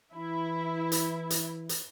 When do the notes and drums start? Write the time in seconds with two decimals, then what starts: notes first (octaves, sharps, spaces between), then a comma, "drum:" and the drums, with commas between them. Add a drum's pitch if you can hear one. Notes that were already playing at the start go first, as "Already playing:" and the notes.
0.14 E3 E4
0.92 drum: hi-hat
1.30 drum: hi-hat
1.69 drum: hi-hat